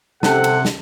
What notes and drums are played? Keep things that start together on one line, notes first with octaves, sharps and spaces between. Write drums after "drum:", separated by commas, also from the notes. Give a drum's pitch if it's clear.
C3 C#4 D#4 A4 F#5 A5, drum: snare
drum: cymbal
drum: snare